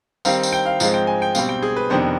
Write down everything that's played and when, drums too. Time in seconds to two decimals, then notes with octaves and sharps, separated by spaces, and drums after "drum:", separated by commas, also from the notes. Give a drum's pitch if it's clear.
0.25 D#3 G3 C4 D#4 F5, drum: tambourine
0.43 drum: tambourine
0.52 G5
0.66 F5
0.80 G#2 F3 G#3 C4 F5, drum: tambourine
0.94 G5
1.07 G#5
1.22 G5
1.35 B2 G3 C4 F5, drum: tambourine
1.49 G5
1.62 G#4
1.76 B4
1.90 F2 C3 D#3 B3 D4 C5